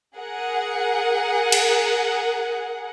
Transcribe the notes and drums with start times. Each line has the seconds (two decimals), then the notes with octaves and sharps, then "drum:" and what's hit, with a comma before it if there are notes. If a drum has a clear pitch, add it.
0.17 G#4 A#4 F#5
1.52 drum: cymbal